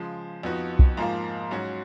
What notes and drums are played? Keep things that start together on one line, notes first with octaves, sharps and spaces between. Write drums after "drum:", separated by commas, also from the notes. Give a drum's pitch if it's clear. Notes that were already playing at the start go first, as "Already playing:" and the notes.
Already playing: C#3 F3 G#3
F2 F3 B3 D#4 F#4
drum: kick
G#2 F3 A#3 F4
G#2 F#3 C#4 F#4